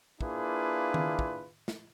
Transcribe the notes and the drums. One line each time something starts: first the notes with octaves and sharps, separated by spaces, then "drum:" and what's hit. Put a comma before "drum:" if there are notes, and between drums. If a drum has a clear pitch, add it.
A#3 D4 E4 F4 G#4 B4, drum: kick
drum: tom D#3
drum: kick
drum: snare